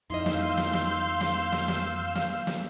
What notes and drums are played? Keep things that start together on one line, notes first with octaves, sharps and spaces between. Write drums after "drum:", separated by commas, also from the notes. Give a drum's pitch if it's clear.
F2 D#4 E4 D#5 F5 C6 E6 G6
drum: snare
drum: snare
drum: snare
drum: snare
drum: snare
drum: snare
drum: snare
drum: snare